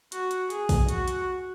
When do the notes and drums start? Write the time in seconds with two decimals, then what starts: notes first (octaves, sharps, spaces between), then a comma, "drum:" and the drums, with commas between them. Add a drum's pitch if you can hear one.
0.12 F#4, drum: hi-hat
0.31 drum: hi-hat
0.50 G#4, drum: hi-hat
0.69 drum: kick, open hi-hat
0.89 F#4, drum: hi-hat
1.08 drum: hi-hat